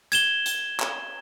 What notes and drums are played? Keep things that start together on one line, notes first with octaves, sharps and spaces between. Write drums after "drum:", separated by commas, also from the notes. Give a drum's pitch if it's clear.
G#6 E7 G7, drum: hi-hat
drum: hi-hat
drum: clap